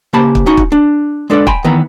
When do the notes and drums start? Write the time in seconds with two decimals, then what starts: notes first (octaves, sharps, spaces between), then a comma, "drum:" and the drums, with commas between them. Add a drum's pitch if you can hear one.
0.13 C#3 A#3 G4 C5 A5 B5
0.35 drum: kick
0.46 C#4 D#4 F#4
0.57 drum: kick
0.72 D4
1.30 G#3 D4 A4 B4 D5
1.47 G5 G#5 B5 C6, drum: kick
1.64 D#3 E3 B3 B4 A#5